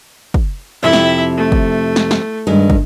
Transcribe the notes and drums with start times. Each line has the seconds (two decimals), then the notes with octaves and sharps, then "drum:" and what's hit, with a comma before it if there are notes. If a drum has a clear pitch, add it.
0.34 drum: kick
0.83 F2 C3 F3 E4 E5
0.93 drum: snare
1.37 A3
1.52 drum: kick
1.96 drum: snare
2.11 drum: snare
2.47 G2 D#3 G#3
2.70 drum: kick